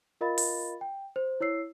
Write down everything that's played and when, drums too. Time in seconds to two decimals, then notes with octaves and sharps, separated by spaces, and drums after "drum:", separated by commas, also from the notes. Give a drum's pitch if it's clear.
0.21 F4 A#4 D#5 F5 B5 A6
0.38 drum: open hi-hat
0.81 G5
1.16 C5
1.40 E4 C#5 E6 C7